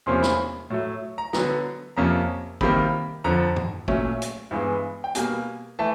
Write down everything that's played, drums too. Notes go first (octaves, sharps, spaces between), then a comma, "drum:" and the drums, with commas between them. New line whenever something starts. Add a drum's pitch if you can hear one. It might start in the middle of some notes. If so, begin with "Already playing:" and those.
E2 C3 F3 A#3 C#4 C6
B5, drum: snare
A2 F#3 A3
A#5
D3 F#3 B3 A#5, drum: snare
F2 C3 F3 A#3 C#4 A#5
C3 D#3 G3 A#3 B5, drum: kick
F2 D3 F3 A#5
drum: tom
A#2 F#3 A3 C#4, drum: kick
drum: hi-hat
G2 E3 G#3 B3
G5
B2 G3 A#3 G#5, drum: hi-hat
E3 A3 A5